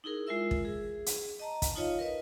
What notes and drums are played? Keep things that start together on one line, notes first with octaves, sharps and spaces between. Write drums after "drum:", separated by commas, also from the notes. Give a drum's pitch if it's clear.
D#4 E4 G#4 A#4
G#3 F4 A#4 E5 E6
drum: kick
G#4
drum: hi-hat
D#5 A5 A#5
drum: kick, hi-hat
D#4 F4 C#5 D#5 F5
A#4 B4 D#5